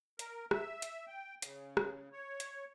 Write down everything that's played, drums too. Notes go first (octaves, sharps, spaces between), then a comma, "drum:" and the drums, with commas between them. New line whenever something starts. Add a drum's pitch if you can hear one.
A#4, drum: hi-hat
E5, drum: rim click
drum: hi-hat
G5
C#3, drum: hi-hat
drum: rim click
C#5
drum: hi-hat